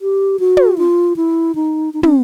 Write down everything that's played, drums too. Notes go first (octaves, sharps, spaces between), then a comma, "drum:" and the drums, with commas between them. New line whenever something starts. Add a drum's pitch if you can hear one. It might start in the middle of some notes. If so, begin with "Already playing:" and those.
G4
F#4
drum: tom
F4
E4
D#4
D#4
C#4, drum: tom